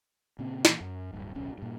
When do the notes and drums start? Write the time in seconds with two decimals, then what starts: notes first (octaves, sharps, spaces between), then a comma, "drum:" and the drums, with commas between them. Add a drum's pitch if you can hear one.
0.39 A#2 C#3 C4
0.65 A#2 E3, drum: snare
0.81 F#2
1.13 D1 C2 G2
1.35 D1 B1 C#4
1.58 G2 A#2